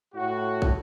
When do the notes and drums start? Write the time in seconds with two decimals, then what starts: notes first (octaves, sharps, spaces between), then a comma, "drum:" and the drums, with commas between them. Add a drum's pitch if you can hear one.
0.15 A2 F#4
0.62 drum: kick